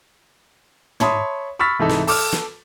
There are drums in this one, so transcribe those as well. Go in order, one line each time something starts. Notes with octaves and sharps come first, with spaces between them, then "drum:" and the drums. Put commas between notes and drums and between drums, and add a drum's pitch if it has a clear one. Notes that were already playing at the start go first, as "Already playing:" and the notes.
C#5 E5 A5 B5 C6 D#6, drum: tom
B5 C#6 E6 F6 A6 B6
C2 G#2 E3 D#4 A4
drum: snare
A4 D6 F6, drum: open hi-hat
drum: snare